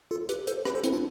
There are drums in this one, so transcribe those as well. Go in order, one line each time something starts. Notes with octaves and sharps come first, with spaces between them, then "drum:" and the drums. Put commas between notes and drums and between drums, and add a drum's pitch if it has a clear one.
F4 A4
G4 B4, drum: hi-hat
A4 C5, drum: hi-hat
G4 B4, drum: rim click
A4 C5
C4 E4, drum: hi-hat
D4 F4